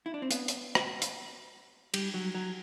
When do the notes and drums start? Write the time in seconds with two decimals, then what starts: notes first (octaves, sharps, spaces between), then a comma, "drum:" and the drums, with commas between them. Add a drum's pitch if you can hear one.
0.06 E4
0.14 D4
0.22 C4
0.31 B3, drum: hi-hat
0.48 drum: hi-hat
0.75 drum: rim click
1.02 drum: hi-hat
1.94 G3, drum: cymbal
2.14 F#3
2.35 F#3